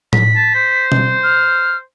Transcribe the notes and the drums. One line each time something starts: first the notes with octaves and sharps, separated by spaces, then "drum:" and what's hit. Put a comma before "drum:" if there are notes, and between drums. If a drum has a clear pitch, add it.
B6, drum: tom A2
A5
C5
drum: tom B2
F6